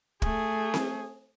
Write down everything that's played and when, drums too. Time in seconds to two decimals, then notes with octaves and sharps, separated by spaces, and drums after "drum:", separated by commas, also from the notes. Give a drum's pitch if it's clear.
0.22 A3 G#4, drum: kick
0.74 drum: snare C4